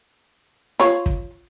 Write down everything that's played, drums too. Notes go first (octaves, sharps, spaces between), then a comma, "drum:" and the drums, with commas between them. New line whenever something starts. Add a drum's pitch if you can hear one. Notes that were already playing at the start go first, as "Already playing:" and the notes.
F4 C#5, drum: hi-hat
drum: kick